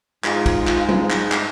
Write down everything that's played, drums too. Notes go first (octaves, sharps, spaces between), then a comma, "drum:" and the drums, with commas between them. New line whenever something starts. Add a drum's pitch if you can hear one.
G#2 G#3 F4, drum: clap
drum: kick, cymbal
drum: clap
drum: tom F#3
drum: clap
drum: clap